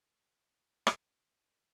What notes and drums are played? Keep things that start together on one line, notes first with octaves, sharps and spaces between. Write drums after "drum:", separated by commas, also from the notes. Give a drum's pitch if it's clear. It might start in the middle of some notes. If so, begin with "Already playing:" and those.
Already playing: F2 F3
F#4 A#4
drum: rim click
A#4 D5